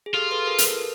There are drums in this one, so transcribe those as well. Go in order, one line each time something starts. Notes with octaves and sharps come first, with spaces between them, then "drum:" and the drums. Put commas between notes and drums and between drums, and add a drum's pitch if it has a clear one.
G#4
F4 G4 A4
A4 B4
G#4 A#4
A#4, drum: hi-hat
A4 B4